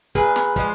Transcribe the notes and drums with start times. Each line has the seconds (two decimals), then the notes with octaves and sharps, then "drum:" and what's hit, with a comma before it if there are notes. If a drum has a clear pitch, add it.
0.15 A#2 G#4 B4, drum: kick, hi-hat
0.36 drum: snare
0.56 F3 G#3, drum: kick, hi-hat